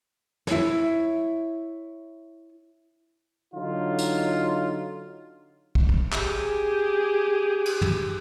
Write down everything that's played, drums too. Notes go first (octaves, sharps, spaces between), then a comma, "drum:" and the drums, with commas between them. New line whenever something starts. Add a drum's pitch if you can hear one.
E4 C#5, drum: snare
D3 F#3 D#4 F4
drum: tambourine
drum: kick
drum: kick
G4 G#4, drum: clap
drum: cymbal
drum: tom